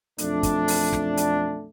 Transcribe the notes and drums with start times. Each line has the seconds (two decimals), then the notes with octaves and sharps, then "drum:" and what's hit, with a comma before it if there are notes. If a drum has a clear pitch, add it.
0.18 B1 F2 A3 D4, drum: hi-hat
0.43 drum: kick, hi-hat
0.68 drum: open hi-hat
0.93 drum: snare
1.17 drum: hi-hat